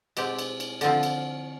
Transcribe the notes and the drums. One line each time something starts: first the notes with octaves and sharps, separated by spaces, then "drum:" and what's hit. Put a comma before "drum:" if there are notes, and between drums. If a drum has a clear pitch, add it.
B2 G#3 C4 G4, drum: cymbal
drum: cymbal
drum: cymbal
D3 F3 C4 F4, drum: cymbal
drum: cymbal